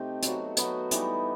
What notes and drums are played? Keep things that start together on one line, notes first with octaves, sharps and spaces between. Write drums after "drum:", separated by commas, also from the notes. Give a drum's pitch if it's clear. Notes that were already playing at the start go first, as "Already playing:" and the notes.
Already playing: C3 A3 C4 D#4 G4
F#3 B3 F#4, drum: hi-hat
F#3 B3 F#4, drum: hi-hat
E3 G3 B3 D#4, drum: hi-hat